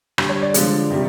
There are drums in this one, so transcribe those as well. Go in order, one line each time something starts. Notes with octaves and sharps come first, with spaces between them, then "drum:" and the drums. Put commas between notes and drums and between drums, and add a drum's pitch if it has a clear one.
D3 G3, drum: rim click
C#5
D5
D3 F3 G#3, drum: hi-hat
C3 D#3 G3